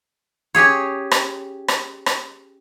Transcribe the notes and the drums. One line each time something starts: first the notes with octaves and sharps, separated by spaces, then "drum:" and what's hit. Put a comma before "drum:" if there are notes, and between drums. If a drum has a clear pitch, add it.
C#4 G4 G#4 C#5
drum: rim click
drum: rim click
drum: rim click